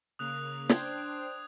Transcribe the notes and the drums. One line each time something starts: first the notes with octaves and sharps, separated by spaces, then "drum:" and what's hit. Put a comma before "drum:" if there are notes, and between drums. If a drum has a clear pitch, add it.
C#3 A#3 D#6 F#6 F7
D4 C5 G5 G#6, drum: snare